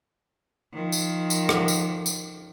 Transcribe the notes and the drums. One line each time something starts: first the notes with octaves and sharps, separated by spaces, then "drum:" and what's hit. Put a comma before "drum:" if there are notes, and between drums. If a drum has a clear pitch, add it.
D#3 F3
drum: tambourine
drum: tambourine
drum: rim click
drum: tambourine
drum: tambourine